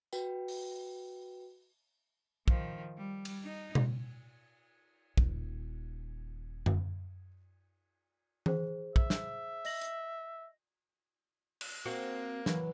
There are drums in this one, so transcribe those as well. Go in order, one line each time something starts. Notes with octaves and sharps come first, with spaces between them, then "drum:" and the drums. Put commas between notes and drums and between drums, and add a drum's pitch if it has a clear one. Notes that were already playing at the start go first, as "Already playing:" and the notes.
F#4 B4 G5, drum: tambourine
drum: open hi-hat
D#3 F3, drum: kick
G3
drum: cymbal
D#4
drum: tom B2
D#1 F4, drum: kick
drum: tom F#2
G#4 C5, drum: tom E3
E5, drum: kick
drum: snare
D#5 A#6 F#7, drum: open hi-hat
drum: hi-hat
drum: cymbal
A#3 C4 F#4
E3 F#3, drum: snare